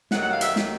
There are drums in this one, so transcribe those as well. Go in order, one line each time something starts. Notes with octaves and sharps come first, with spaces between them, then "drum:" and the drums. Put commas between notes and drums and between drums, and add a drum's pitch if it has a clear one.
F2 C3 D#3 F#3 F#5, drum: snare
F#5
F5
E5, drum: hi-hat
drum: snare